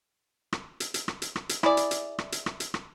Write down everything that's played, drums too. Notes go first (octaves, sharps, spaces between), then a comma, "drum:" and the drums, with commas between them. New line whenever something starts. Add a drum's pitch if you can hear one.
drum: rim click
drum: hi-hat
drum: hi-hat
drum: rim click
drum: hi-hat
drum: rim click
drum: hi-hat
E4 G#4 D5, drum: rim click
drum: hi-hat
drum: hi-hat
drum: rim click
drum: hi-hat
drum: rim click
drum: hi-hat
drum: rim click